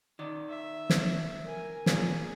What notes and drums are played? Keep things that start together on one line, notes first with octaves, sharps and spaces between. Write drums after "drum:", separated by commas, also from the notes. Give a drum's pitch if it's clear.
D#3 D5
E5
drum: snare
A#4 G#5
A#2 F4 G#4, drum: snare